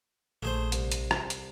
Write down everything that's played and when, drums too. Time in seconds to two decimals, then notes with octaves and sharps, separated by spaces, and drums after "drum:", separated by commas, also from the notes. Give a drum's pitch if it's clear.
0.43 A#1 A3 G#4 C5
0.72 C2, drum: hi-hat
0.92 drum: hi-hat
1.11 drum: rim click
1.30 drum: hi-hat